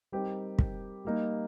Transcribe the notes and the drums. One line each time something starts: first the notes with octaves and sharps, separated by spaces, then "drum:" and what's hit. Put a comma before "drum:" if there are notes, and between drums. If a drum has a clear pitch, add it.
G3 C4 D#4 G4 A#4
drum: kick
G3 A#3 D#4